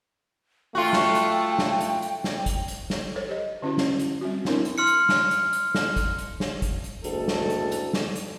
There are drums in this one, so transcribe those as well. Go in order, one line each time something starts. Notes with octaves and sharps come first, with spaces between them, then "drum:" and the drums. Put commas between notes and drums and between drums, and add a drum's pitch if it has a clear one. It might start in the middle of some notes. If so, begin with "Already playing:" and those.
A3 F4 F#4 G5
drum: snare
drum: hi-hat
drum: snare
drum: hi-hat
drum: hi-hat
drum: snare
drum: kick, hi-hat
drum: hi-hat
drum: snare
A4 C5 C#5
G4 D#5
D3 C#4 E4 F#4
drum: snare
drum: hi-hat
G3 C4 F#4
B3 C4 D4 E4 A#4, drum: snare
drum: hi-hat
C6 F6 C#7
drum: hi-hat
drum: snare
drum: hi-hat
drum: hi-hat
drum: snare
drum: kick, hi-hat
drum: hi-hat
drum: snare
drum: kick, hi-hat
drum: hi-hat
F#1 D2 G#3 A4, drum: hi-hat
drum: snare
drum: hi-hat
drum: hi-hat
drum: snare
drum: hi-hat